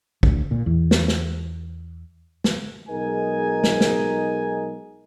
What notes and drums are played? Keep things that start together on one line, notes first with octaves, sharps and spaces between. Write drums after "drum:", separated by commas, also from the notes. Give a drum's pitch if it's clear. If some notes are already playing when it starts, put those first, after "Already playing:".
D2, drum: kick
A#2
E2
drum: snare
drum: snare
drum: snare
B1 G#3 D#4 G#4 A#4 G#5
drum: snare
drum: snare